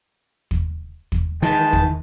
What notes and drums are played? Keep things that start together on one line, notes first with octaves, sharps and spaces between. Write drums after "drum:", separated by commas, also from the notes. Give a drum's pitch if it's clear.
drum: kick
drum: kick
D#3 E3 G#3 G5 A5
drum: kick